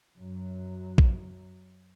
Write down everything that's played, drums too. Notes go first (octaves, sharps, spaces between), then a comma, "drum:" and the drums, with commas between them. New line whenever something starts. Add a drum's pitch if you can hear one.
F#2 F#3
drum: kick A#1